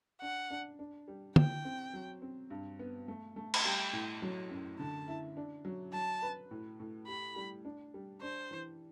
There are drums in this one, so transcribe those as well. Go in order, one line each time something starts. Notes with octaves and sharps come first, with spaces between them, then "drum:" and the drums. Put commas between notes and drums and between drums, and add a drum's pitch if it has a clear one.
D4 F#5
D4
D4
G3
E3 G5, drum: tom
C4
F#3
C4
G2
B3
A3
A3
drum: cymbal
G3 G5
A2
F#3
F#2
D3 A5
E4
D4
F#3
F#3 A5
B4
A2
A2
G4 B5
G3
D4
G3
D4 C5
E3